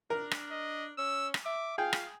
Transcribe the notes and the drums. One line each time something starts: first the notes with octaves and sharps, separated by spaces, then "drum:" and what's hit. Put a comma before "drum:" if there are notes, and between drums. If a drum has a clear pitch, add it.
D4 A#4
drum: rim click
D#5
C#4 E6
drum: rim click
E5 D6
F4 G#4 F5 G5
drum: rim click